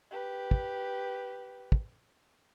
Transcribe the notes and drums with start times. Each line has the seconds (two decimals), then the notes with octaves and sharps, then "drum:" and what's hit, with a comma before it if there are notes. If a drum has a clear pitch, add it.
0.11 G4 B4
0.51 drum: kick
1.72 drum: kick